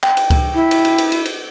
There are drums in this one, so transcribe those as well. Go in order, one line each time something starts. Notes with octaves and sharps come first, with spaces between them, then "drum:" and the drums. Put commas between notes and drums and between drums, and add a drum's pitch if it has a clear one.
G5, drum: clap
drum: cymbal
drum: kick C#2, cymbal
E4
drum: cymbal
drum: cymbal
drum: cymbal
drum: cymbal
drum: cymbal